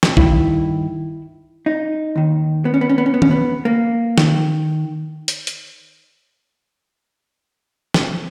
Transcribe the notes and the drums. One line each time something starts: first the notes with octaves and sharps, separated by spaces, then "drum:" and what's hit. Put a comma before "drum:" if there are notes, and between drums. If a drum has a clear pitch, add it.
drum: snare
G2 D#3 E4, drum: kick
D#4
D#2 D#3
B3
C#4
B3
C#4
B3
C#4
B3
C#4, drum: tom D#3
B3
A#3
D#3, drum: snare
drum: hi-hat
drum: hi-hat
drum: snare